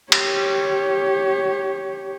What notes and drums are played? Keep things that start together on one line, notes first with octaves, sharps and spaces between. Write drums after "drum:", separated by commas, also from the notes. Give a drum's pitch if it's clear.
G4 C#5, drum: cymbal